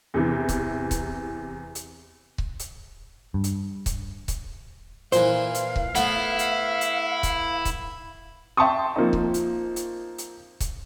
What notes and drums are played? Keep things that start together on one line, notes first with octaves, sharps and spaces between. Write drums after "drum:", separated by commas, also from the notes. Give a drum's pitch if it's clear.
E2 C3 E3
drum: kick C#1, hi-hat
drum: kick C#1, hi-hat
drum: hi-hat
drum: kick C#1
drum: hi-hat
G2
drum: hi-hat
drum: kick C#1, hi-hat
drum: kick C#1, hi-hat
A#2 E3 C5 F5, drum: hi-hat
drum: hi-hat
drum: kick C#1
A3 B3 E4, drum: hi-hat
drum: hi-hat
drum: hi-hat
drum: kick C#1, hi-hat
drum: kick C#1, hi-hat
E5 G5 A5 C6 C#6 D#6
F3 A#3 C4 D#4
drum: kick C#1
drum: hi-hat
drum: hi-hat
drum: hi-hat
drum: kick C#1, hi-hat